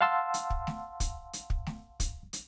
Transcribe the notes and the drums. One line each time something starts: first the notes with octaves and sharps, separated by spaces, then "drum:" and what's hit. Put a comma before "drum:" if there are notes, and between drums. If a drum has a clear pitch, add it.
F5 F#5 A5 C6 E6
drum: hi-hat
drum: kick
drum: snare A3
drum: kick, hi-hat
drum: hi-hat
drum: kick
drum: snare A3
drum: kick, hi-hat
drum: hi-hat